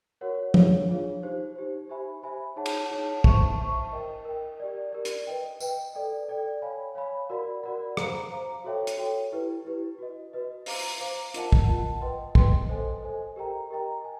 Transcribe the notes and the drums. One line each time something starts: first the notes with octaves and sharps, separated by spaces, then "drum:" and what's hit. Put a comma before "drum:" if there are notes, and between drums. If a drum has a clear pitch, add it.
F#4 A#4 C#5 F#5
D4 F4 G#4 C#5 F5, drum: tom
D4 F4 G#4 C#5 F5
D#4 G4 C5
D#4 G4 C5
G4 C5 E5 G#5 B5
G4 C5 E5 G#5 B5
D#4 G#4 C#5 F#5 A5
drum: cymbal
D#4 G#4 C#5 F#5 A5
C5 E5 A5 C#6, drum: kick
C5 E5 A5 C#6
A#4 D#5 G5
A#4 D#5 G5
G4 A#4 D5
G4 A#4 D5
drum: hi-hat
B4 D#5 G5
B4 D#5 G5, drum: tambourine
A4 D5 G5
A4 D5 G5
C#5 F5 G#5 B5
C#5 F5 G#5 B5
F#4 A#4 D5 F#5 B5
F#4 A#4 D5 F#5 B5
C5 F5 A#5 D6, drum: rim click
C5 F5 A#5 D6
F#4 A4 C#5 E5 G5
drum: hi-hat
F#4 A4 C#5 E5 G5
E4 G4 B4
E4 G4 B4
F#4 B4 D#5
F#4 B4 D#5
C5 F5 A#5 D6, drum: open hi-hat
C5 F5 A#5 D6
F4 A#4 D#5 F#5 A5, drum: hi-hat
drum: kick
F4 A#4 D#5 F#5 A5
B4 D#5 G5 C6
B4 D#5 G5 C6, drum: kick
A4 C5 D#5 G#5
A4 C5 D#5 G#5
G4 A#4 D#5 G5 A#5
G4 A#4 D#5 G5 A#5
G#5